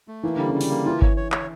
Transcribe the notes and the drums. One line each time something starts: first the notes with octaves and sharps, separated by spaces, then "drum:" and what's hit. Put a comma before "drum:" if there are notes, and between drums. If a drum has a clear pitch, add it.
A3
E3 A#3
D3 G3
C#3
G3
D3, drum: open hi-hat
A#3
E3 F4
C#5, drum: kick G1
C#5
C#5, drum: clap